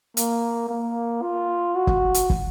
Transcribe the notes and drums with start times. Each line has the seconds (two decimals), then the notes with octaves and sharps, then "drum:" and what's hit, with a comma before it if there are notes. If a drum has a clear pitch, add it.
0.17 A#3, drum: hi-hat
0.69 A#3
1.22 F4
1.75 F#4
1.87 drum: kick
2.14 drum: hi-hat
2.30 drum: kick